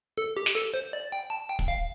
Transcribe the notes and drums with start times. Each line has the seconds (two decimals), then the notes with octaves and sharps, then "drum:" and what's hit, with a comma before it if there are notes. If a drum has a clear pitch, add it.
0.18 A4
0.37 G4
0.46 drum: snare
0.55 A4
0.74 C5
0.93 D5
1.12 G5
1.30 A5
1.49 G5
1.59 drum: kick
1.68 F5